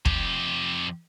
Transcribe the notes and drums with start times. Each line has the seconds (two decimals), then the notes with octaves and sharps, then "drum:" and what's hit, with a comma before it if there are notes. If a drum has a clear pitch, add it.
0.05 F2 G4, drum: kick